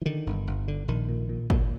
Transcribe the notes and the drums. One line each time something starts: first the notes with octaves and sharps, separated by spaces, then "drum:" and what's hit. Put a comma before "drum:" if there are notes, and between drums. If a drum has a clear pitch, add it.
E3
D3 D#3
G1
G1
D3
A#1 D#3
A#2
A#2
A#2, drum: kick